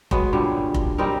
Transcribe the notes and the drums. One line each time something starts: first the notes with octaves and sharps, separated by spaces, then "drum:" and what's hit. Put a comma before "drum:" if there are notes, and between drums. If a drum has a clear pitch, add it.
F#3 G#3 B3, drum: kick F1
G2 A#2 D3 G3
drum: kick F1
G3 C4 D#4 A#4